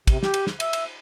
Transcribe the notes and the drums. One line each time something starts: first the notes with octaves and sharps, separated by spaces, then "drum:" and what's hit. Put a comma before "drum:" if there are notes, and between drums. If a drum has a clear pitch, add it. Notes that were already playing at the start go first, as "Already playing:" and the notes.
C3, drum: kick, cymbal
G4, drum: snare
drum: cymbal
drum: snare
E5, drum: cymbal
drum: cymbal